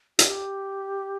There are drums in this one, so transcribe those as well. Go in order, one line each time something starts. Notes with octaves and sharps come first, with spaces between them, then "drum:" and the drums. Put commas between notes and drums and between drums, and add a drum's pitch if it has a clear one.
G4, drum: hi-hat